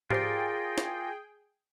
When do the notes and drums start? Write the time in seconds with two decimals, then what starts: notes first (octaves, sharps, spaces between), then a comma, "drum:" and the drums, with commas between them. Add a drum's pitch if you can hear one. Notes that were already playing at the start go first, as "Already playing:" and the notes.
0.10 F4 G4 G#4 A#4 C5 D5 G5 C7, drum: tom G#2
0.78 drum: snare